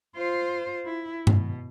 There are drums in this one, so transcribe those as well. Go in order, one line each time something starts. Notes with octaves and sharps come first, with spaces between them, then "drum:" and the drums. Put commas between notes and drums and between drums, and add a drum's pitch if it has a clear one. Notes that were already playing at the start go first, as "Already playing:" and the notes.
F4 C5
E4
B2, drum: tom G2